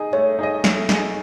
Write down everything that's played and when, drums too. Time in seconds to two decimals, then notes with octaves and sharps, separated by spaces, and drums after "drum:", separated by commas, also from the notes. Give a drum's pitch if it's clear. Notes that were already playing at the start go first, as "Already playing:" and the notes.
Already playing: D#4 G#4 D#5
0.13 A3 C#5
0.39 D#4 G#4 D#5
0.64 A3, drum: snare
0.89 D#4 G#4 D#5, drum: snare